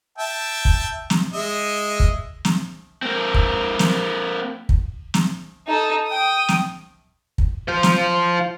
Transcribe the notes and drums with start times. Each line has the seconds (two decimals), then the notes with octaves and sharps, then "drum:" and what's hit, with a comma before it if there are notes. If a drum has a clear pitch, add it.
0.18 E5 G5 A5
0.65 drum: kick
1.10 drum: snare
1.32 G#3 D#5 E5
2.00 drum: kick
2.45 drum: snare
3.02 A#3 C4
3.34 drum: kick
3.79 drum: snare
4.69 drum: kick
5.14 drum: snare
5.67 D#4 A4
6.07 G5 D#6
6.48 drum: snare
7.38 drum: kick
7.68 F4 C5
7.83 drum: snare